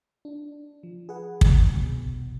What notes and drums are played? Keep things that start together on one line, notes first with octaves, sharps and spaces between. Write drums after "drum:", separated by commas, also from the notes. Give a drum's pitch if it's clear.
D4
F3
G#4 B4 F#5
drum: kick
G2
C2 B2